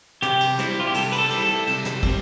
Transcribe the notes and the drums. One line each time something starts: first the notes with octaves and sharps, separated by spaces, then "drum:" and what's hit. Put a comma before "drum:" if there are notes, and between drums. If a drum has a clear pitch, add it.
C3 G4, drum: snare
drum: cymbal
G3 C4 E4, drum: snare
F4
G4
C3 A4, drum: cymbal
B4, drum: cymbal
A4
G3 C4 E4, drum: cymbal
A4
C3, drum: cymbal
drum: snare
G3 C4, drum: kick, cymbal